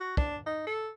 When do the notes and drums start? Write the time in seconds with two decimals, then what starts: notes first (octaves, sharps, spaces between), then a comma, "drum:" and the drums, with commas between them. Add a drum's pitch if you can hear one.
0.01 F#4
0.17 D4, drum: kick
0.46 D#4
0.67 A4